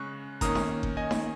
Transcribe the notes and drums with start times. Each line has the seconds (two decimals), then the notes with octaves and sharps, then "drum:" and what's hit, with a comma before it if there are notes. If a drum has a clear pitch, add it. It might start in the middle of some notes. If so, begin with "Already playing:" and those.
Already playing: C#3 G#3 C#4 C#6 F#6
0.41 D#3 A#3 C#4 A#5 D#6, drum: kick G1, hi-hat
0.55 drum: snare D#4
0.83 drum: kick G1
0.97 D#5 G#5
1.11 drum: snare D#4